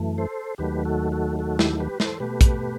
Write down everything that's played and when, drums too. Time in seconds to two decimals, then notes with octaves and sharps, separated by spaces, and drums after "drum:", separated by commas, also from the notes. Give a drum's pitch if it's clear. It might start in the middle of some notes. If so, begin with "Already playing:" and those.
Already playing: F#2 E3 A3
0.18 A4 C5
0.58 D#2 D#3 F#3 A3 G4 B4
0.85 F#4 A4
1.12 F#4 A4
1.39 F#4 A4
1.59 E4 G4, drum: snare
1.80 G4 B4
2.00 A4 C5, drum: snare
2.20 B2 A3 G4 B4
2.41 drum: kick, hi-hat